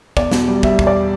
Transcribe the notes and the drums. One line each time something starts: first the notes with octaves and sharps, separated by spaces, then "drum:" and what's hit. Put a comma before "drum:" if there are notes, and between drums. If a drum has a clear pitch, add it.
E2 D5, drum: kick
B2, drum: snare
G3
G3 E5, drum: kick
E2, drum: kick
D5